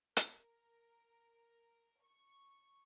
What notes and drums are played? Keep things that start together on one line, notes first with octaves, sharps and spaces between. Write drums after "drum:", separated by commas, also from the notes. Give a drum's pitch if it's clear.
A#4, drum: hi-hat
C#6